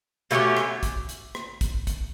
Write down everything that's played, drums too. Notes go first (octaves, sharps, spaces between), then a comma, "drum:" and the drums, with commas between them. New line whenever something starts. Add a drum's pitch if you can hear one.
B2 A3 C#4 G4, drum: hi-hat
drum: rim click
drum: kick, hi-hat
drum: hi-hat
drum: rim click
drum: kick, hi-hat
drum: kick, hi-hat